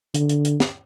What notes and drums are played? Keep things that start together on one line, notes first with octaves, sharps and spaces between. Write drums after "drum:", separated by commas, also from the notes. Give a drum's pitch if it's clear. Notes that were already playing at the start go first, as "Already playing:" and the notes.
D3, drum: hi-hat
drum: hi-hat
drum: hi-hat
drum: snare